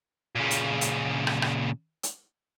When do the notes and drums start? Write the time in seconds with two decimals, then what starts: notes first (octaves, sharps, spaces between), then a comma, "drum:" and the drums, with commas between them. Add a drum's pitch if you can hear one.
0.35 A#2 C#3
0.51 drum: hi-hat
0.81 drum: hi-hat
1.27 drum: rim click
1.42 drum: rim click
2.03 drum: hi-hat